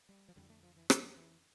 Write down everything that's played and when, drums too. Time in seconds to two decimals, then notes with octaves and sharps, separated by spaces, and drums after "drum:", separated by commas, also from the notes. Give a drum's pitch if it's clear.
0.09 G3
0.28 F3
0.36 F2 D3 G3
0.50 A3
0.63 F3
0.76 E3
0.90 F3, drum: rim click
1.16 E3